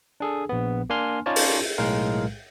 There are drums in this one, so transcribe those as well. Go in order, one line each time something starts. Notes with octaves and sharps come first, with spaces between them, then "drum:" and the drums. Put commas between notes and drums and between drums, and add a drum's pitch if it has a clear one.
D4 G#4 A4
A#1 B3
A#3 D4 G#5 C6 F6
C#4 D#4 F4 C#5 D5 A5
drum: open hi-hat
B1 A2 G#3 A#4 F5